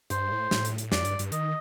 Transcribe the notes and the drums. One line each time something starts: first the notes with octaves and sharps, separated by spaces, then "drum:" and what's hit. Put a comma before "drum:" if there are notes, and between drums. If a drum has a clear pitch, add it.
G2 C5, drum: hi-hat
A2
A2, drum: snare
drum: hi-hat
drum: hi-hat
F2 D5, drum: snare
G2, drum: hi-hat
G2, drum: hi-hat
D#3 D#5, drum: hi-hat